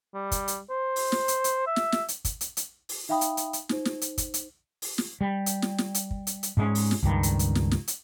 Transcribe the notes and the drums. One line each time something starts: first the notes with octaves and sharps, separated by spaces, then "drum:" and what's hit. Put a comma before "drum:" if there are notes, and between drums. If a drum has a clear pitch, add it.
G3
drum: kick, hi-hat
drum: hi-hat
C5
drum: open hi-hat
drum: snare
drum: hi-hat
drum: hi-hat
E5
drum: snare
drum: snare
drum: hi-hat
drum: kick, hi-hat
drum: hi-hat
drum: hi-hat
drum: open hi-hat
D#4 E5 F5 G5 B5 D#6
drum: hi-hat
drum: hi-hat
drum: hi-hat
D#4 C5, drum: snare
drum: snare
drum: hi-hat
drum: kick, hi-hat
drum: hi-hat
drum: open hi-hat
drum: snare
G3
drum: hi-hat
drum: snare
drum: snare
drum: hi-hat
drum: kick
drum: hi-hat
drum: hi-hat
G#2 G#3 C#4
drum: open hi-hat
drum: snare
C#2 G2 D#3
drum: hi-hat
drum: hi-hat
drum: snare
drum: snare
drum: hi-hat